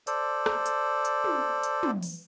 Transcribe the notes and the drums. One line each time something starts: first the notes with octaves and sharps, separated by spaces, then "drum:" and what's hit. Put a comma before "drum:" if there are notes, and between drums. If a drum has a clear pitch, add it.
A4 C5 D5, drum: hi-hat
drum: rim click
drum: hi-hat
drum: hi-hat
drum: tom
drum: hi-hat
drum: tom
drum: open hi-hat